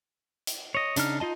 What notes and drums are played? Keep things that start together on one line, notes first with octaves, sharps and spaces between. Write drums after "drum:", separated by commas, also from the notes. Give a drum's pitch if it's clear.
drum: hi-hat
C#5 D#5
C#3 D4 D#4 F6, drum: hi-hat
D#4 F4 D#5 A5